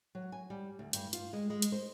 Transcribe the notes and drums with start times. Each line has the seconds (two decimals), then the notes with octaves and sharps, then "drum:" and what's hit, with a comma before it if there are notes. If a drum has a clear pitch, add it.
0.15 F#3
0.32 G#5
0.50 G3
0.79 D2
0.93 G2, drum: hi-hat
1.13 F4, drum: hi-hat
1.33 G#3
1.50 G#3
1.62 drum: hi-hat
1.72 C5